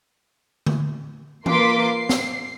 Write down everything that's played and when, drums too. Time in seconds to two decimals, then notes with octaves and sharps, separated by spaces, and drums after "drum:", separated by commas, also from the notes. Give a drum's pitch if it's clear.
0.66 drum: tom D3
1.46 A#3 F4 B4 C6 D6 B6, drum: tom E3
1.86 C7
2.09 drum: snare